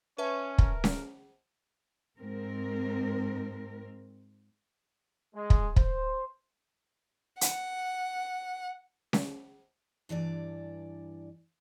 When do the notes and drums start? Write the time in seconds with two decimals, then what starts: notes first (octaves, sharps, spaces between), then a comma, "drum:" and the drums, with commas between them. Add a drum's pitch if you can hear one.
0.18 C#4 B4 C#5 E5 A5
0.58 A#4, drum: kick
0.84 drum: snare C#4
2.18 G#2 C4 A#4
5.34 G#3
5.50 drum: kick
5.76 C5, drum: kick
7.41 F#5, drum: hi-hat
9.13 drum: snare C#4
10.09 G2 E3 D4 D5